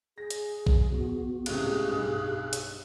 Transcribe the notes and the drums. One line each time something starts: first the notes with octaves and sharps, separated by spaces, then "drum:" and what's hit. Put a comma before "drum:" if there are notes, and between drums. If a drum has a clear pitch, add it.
G#4 A#6
drum: hi-hat
drum: kick A#1
B3 F#4
C#2 A2 C3 G4 G#4 F5 F#6, drum: cymbal
B1 G2
drum: hi-hat